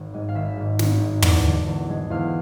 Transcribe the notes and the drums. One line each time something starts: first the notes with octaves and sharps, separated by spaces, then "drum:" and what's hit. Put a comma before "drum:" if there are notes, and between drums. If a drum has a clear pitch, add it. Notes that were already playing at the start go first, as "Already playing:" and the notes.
Already playing: G#1
G#2 G#3
F5
G#1 E5
G#2 G#3
G#1, drum: snare
G#2 G#3
E2 D5, drum: tom
D3 G#3
E2
D3 G#3
E2 F5